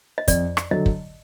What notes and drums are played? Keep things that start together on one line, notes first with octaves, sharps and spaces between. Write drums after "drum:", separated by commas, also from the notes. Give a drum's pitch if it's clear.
D#5
F2 D5, drum: kick, hi-hat
drum: rim click
D3 F#3 D#5
drum: kick